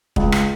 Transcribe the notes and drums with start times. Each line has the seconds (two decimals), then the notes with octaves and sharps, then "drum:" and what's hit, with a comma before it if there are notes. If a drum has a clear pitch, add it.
0.16 C#2, drum: kick
0.32 drum: rim click